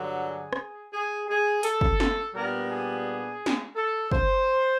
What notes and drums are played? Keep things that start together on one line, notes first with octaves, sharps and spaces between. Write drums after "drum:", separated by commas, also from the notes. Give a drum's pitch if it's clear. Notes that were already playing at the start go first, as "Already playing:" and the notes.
Already playing: G2 D3 F#3
G#4
drum: rim click
G#4
G#4
A4, drum: hi-hat
drum: kick
drum: snare
A#2 G3 B3 D4 A#4
G#4
drum: snare
A4
C5, drum: kick